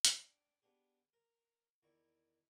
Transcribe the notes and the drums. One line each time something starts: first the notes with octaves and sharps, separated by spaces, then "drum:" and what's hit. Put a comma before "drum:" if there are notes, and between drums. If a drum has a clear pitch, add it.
D4 G5, drum: hi-hat
B3 D4 G4 G#4
A#4
E2 D#3 E4 D5 C#6